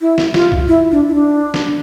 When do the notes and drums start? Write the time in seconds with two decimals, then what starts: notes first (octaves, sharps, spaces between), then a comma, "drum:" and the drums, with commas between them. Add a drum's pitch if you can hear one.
0.01 E4
0.18 drum: snare
0.34 F4, drum: snare
0.52 drum: kick
0.68 E4
0.91 D4
1.09 E4
1.14 D4
1.54 drum: snare